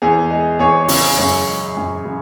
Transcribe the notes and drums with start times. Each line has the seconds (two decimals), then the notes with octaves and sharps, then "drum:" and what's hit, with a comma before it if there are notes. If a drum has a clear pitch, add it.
0.02 E2 G#4
0.30 G#3
0.59 E2 G#4 C#5
0.88 C#3, drum: open hi-hat
1.17 F#2 G#4 C#5
1.47 G#3
1.77 F#2
2.05 C#3